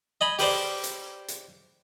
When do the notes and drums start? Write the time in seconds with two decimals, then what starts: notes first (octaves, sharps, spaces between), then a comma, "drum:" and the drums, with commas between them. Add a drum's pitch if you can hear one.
0.21 D#5 G#5 B5
0.39 G4 B4 C5 D5, drum: open hi-hat
0.84 drum: hi-hat
1.28 drum: hi-hat